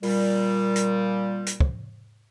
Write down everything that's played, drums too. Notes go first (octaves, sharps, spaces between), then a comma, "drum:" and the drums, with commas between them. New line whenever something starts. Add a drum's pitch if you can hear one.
A#2 G3, drum: open hi-hat
drum: hi-hat
drum: hi-hat
drum: kick